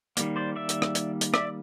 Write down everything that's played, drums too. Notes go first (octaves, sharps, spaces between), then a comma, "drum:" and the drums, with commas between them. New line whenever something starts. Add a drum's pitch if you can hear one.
D#3 G3 A#3, drum: hi-hat
C5 D5
D5 E5
drum: hi-hat
drum: rim click
drum: hi-hat
drum: hi-hat
D5 E5, drum: rim click